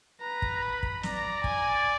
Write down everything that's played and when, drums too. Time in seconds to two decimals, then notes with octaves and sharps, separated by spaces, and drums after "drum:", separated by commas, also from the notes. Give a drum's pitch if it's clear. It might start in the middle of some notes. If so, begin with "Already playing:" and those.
0.22 B4 A#5
0.42 drum: kick
0.62 B5
0.83 drum: kick
1.03 D5 A#5, drum: snare
1.44 G#5, drum: kick